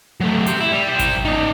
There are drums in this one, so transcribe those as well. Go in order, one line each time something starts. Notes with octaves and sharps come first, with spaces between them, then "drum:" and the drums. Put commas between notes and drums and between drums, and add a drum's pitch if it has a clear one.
F#3 A3
G4 C6, drum: hi-hat
E4
G3
G3 C5
drum: kick G#1, hi-hat
D#4 D5